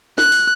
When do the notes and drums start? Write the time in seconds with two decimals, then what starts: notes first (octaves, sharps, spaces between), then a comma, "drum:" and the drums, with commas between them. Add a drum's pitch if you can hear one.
0.18 F#6, drum: snare
0.32 drum: open hi-hat